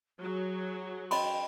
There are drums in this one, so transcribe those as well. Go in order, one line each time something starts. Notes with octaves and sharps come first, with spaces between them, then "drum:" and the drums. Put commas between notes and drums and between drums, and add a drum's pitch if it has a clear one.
F#3 G#4
D#5 G5 B5 C6, drum: cymbal